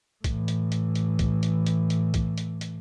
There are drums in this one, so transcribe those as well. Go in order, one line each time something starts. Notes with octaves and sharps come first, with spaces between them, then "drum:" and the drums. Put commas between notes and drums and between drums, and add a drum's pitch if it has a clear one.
A2 E3, drum: kick, hi-hat
drum: hi-hat
drum: hi-hat
drum: hi-hat
drum: kick, hi-hat
drum: hi-hat
drum: hi-hat
drum: hi-hat
drum: kick, hi-hat
drum: hi-hat
drum: hi-hat